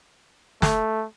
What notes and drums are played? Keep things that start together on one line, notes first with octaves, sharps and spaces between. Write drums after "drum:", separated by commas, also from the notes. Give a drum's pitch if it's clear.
A3, drum: snare